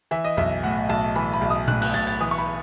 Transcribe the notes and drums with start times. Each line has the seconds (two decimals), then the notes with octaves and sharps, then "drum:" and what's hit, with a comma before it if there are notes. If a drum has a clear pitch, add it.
0.11 E3 E5
0.24 D#5
0.37 B1 E5, drum: tom F2
0.63 A2 F#5
0.89 B1 A5
1.16 E3 B5
1.33 B5
1.41 B1
1.50 D#6
1.68 A2 F#6, drum: tom A#2
1.82 F#6, drum: cymbal
1.94 B1 A6
2.07 A6
2.20 E3 D#6
2.31 C#6
2.38 B5